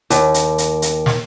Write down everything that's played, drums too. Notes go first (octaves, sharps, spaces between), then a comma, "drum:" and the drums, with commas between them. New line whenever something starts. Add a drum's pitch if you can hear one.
D#2, drum: hi-hat
drum: hi-hat
drum: hi-hat
drum: hi-hat
drum: snare